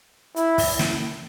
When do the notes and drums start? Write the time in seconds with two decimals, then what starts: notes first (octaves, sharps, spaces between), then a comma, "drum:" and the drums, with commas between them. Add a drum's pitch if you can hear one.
0.36 E4, drum: hi-hat
0.58 drum: kick, open hi-hat
0.79 drum: snare